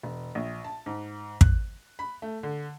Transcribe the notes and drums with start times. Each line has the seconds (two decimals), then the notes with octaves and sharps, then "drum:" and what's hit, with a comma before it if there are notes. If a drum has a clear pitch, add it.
0.03 E1
0.35 A#1
0.64 A5
0.86 G#2
1.41 F#6, drum: kick
1.99 B5
2.22 A3
2.43 D3